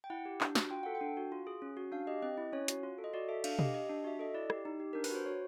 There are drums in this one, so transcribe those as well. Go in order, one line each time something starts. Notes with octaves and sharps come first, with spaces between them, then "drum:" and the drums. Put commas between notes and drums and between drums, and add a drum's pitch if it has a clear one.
G5
E4 F#5
G4
D4, drum: clap
F#4, drum: snare
F4 G5
A4 F#5
G5
D4
F#4
F4
G#4
C#4
F#4
D4 F5
G4 D#5
C4 D#5
E4
C#4 C#5
F#4, drum: hi-hat
F4
A4
D#5
F#4 D5
A4 E5
D4 F5, drum: cymbal
G4 D#5, drum: tom B2
G4 D#5
D4
F#4 E5
A4 D#5
E4 D5
G4, drum: rim click
D#4
G4
D4 A#4
B4, drum: open hi-hat
F#4 C5
F#4 C#5